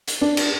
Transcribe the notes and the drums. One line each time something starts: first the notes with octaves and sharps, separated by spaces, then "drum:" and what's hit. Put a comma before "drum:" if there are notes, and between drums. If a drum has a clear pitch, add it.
drum: hi-hat
D4
drum: cymbal